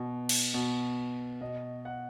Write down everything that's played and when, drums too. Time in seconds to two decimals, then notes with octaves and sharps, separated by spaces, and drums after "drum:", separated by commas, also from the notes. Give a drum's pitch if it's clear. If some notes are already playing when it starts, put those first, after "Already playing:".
Already playing: B2
0.29 drum: cymbal
0.54 B2
1.41 B2 D#5
1.85 F#5